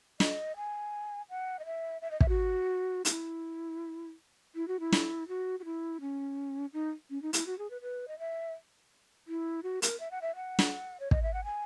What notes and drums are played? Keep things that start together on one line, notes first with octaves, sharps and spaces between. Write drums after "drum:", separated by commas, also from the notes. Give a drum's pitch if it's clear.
D#5, drum: snare
G#5
F#5
D#5
E5
E5
D#5
E5, drum: kick
F#4
D#4, drum: hi-hat
E4
E4
F#4
E4
drum: snare
F#4
F#4
E4
C#4
D#4
C#4
D#4
E4, drum: hi-hat
F#4
G#4
B4
B4
D#5
E5
E4
F#4
A#4, drum: hi-hat
E5
F#5
E5
F#5
drum: snare
C#5
D#5, drum: kick
E5
F#5
G#5